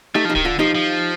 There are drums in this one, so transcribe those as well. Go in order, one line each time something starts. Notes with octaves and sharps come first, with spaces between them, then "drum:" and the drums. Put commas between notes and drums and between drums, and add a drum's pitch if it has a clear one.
A3 D#4 G4
F3
D#4 G4
D#3, drum: kick D1
D3 F4 A4
F3 D#4 G4
F3